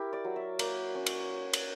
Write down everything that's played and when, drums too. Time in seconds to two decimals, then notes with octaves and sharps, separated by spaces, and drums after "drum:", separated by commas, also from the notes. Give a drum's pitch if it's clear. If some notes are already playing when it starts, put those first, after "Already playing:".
Already playing: E4 G4 A#4
0.13 D5
0.24 F#3
0.36 E5
0.59 A#3, drum: cymbal
0.95 C#4
1.06 drum: cymbal
1.53 drum: cymbal